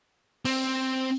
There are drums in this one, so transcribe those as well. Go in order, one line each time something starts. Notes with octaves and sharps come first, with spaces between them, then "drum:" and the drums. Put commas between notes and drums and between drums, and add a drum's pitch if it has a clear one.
C4, drum: open hi-hat